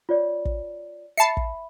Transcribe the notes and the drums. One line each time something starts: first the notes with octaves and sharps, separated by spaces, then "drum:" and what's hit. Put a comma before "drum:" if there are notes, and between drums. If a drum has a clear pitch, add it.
F4 C#5 D5
drum: kick
E5 A5 B5 C7 C#7
drum: kick